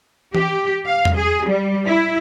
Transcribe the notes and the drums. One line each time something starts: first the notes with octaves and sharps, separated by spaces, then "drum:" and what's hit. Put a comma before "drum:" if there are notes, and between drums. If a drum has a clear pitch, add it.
G4, drum: tom E3
F5
drum: tom E2
G#4
G3
E4